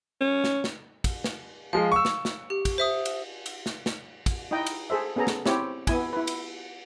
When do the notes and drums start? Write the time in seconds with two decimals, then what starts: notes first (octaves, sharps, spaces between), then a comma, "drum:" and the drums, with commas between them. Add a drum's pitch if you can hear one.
0.21 C#4
0.44 drum: snare
0.64 drum: snare
1.04 drum: kick, cymbal
1.24 drum: snare
1.73 F3 G#3 F5
1.92 C#6 E6
2.05 drum: snare
2.25 drum: snare
2.50 G4
2.65 drum: kick, cymbal
2.78 C5 E5 D#6
3.05 drum: cymbal
3.46 drum: cymbal
3.66 drum: snare
3.86 drum: snare
4.26 drum: kick, cymbal
4.51 D#4 E4 D#5 G5
4.66 drum: cymbal
4.90 G#4 A4 C5 E5
5.16 B3 C#4 G#4 A4 A#5
5.27 drum: snare
5.46 C4 E4 G4 C#5, drum: snare
5.87 B3 E4 G#5, drum: kick, cymbal
6.13 E4 B4
6.27 drum: cymbal